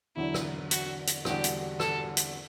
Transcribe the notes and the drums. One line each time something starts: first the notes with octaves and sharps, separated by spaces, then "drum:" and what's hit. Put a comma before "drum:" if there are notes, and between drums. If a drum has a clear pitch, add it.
E2 D3 F#3 E4
drum: rim click
F#4, drum: hi-hat
drum: hi-hat
E2 D3 G3 D4 F#4 G4, drum: rim click
drum: hi-hat
A4, drum: rim click
drum: hi-hat